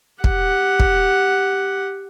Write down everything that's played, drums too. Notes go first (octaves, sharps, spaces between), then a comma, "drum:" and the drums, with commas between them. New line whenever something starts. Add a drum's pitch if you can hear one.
G4 F#5, drum: kick
drum: kick